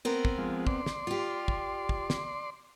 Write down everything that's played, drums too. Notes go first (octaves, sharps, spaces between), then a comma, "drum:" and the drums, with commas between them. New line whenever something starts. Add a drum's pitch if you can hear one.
B3 C4 A#4
drum: kick
F3 G#3
D5 C6, drum: kick
drum: snare
F4 G4
drum: kick
drum: kick
drum: snare